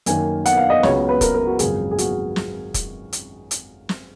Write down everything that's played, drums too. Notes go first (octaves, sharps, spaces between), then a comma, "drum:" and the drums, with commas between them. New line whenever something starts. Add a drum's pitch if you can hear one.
F#2 D#3 A#3 G#5, drum: hi-hat
F#5, drum: hi-hat
F5
D#5
C#2 C#3 F#3 B3 C#5, drum: snare
B4
A#4, drum: kick, hi-hat
A#4
F#4
G#1 F#2 C#3 F3 A#3 G#4, drum: hi-hat
G#4
F#4, drum: hi-hat
drum: snare
drum: kick, hi-hat
drum: hi-hat
drum: hi-hat
drum: snare